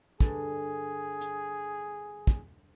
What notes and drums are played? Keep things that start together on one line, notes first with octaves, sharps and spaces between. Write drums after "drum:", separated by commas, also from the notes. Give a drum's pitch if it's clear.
G2 D3 D4 G#4, drum: kick
drum: hi-hat
drum: kick